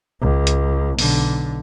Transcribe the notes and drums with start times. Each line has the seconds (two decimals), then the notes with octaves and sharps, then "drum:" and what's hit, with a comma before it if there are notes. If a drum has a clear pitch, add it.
0.21 C#2
0.47 drum: hi-hat
0.99 B1 D3, drum: open hi-hat